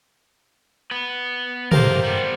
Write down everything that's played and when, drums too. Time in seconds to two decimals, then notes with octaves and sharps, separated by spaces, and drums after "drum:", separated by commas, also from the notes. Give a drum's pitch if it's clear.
0.91 B3 B4
1.72 C2 A#3 G4 A4 A#4 C5, drum: tom
2.04 G3 B3